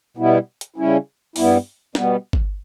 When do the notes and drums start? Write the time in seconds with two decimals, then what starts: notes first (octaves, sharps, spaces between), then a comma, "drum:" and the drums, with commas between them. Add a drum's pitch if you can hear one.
0.17 B2 G3 B3 E4
0.61 drum: hi-hat
0.76 C#3 G3 C#4 E4
1.36 G2 G3 B3 E4, drum: open hi-hat
1.95 B2 G3 B3, drum: snare
2.33 drum: kick G1